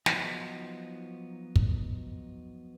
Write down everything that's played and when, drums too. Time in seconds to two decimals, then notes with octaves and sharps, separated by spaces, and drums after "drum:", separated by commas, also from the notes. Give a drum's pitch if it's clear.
0.06 F3 F#3 B3 D#4, drum: snare
1.56 drum: kick